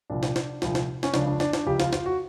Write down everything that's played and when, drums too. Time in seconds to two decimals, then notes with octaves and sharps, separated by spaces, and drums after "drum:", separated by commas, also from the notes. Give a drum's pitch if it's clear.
0.10 C2 A#2 F3 D4
0.23 drum: snare
0.36 drum: snare
0.62 C2 A#2 F3, drum: snare
0.75 drum: snare
1.03 C#4, drum: snare
1.14 C#2 C#3 F3 D4, drum: snare
1.27 D4
1.40 D4, drum: snare
1.53 D4, drum: snare
1.66 C#2 C#3 F3 G4
1.80 F4, drum: snare
1.93 F4, drum: snare
2.06 F#4